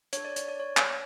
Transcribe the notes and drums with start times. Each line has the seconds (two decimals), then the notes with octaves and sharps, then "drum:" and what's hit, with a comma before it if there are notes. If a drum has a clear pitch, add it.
0.13 D4 A4 C#5, drum: hi-hat
0.25 D5
0.36 C#5, drum: hi-hat
0.48 D5
0.59 C#5
0.77 drum: clap